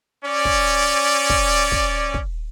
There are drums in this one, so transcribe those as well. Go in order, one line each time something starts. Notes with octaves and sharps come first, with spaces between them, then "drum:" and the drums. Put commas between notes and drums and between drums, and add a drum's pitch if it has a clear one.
C#4 D5
drum: kick
drum: kick
drum: kick
drum: kick